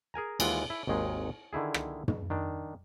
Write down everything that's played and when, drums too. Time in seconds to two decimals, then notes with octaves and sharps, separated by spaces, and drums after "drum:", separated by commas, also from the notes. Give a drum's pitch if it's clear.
0.14 G#4 A#4 G#5 A#5
0.40 D#2 E3 G#3 F4 F#5, drum: cymbal
0.70 E4
0.87 G#1 D#2 D#3 G#3
1.53 D3 D#3 E4 G#4
1.74 drum: rim click
2.08 drum: tom
2.30 D#3 D4